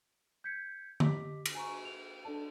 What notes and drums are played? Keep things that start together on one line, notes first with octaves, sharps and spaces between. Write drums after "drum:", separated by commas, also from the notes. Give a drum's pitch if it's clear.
G6 G#6 B6 C#7
G4 D#5 D6 B6, drum: tom D3
drum: cymbal
G#5 A#5 C#6
F7
D4 A4 D5 A5